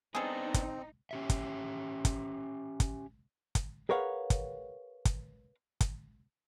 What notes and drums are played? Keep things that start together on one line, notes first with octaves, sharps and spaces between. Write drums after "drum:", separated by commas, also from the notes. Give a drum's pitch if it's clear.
B3 C4 D4 D#4 G#4 A4
drum: kick, hi-hat
C#4 G4 E5
drum: kick, hi-hat
drum: kick, hi-hat
drum: kick, hi-hat
drum: kick, hi-hat
G#4 A#4 B4 C#5 F5 F#5
drum: kick, hi-hat
drum: kick, hi-hat
drum: kick, hi-hat